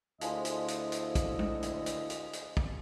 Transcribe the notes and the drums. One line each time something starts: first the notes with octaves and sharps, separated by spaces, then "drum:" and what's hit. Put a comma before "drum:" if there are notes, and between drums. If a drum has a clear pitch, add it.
D2 F3 G#3 E4 D#5, drum: hi-hat
drum: hi-hat
drum: hi-hat
drum: hi-hat
drum: kick, hi-hat
drum: tom
drum: hi-hat
drum: hi-hat
drum: hi-hat
drum: hi-hat
drum: kick